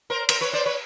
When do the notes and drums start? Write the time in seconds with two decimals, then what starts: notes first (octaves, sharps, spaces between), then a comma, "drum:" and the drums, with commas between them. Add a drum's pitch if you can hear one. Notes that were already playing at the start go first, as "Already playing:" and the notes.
0.10 A#4 C5
0.29 A#4 C5, drum: cymbal
0.41 B4 C#5
0.53 C5 D5
0.66 B4 C#5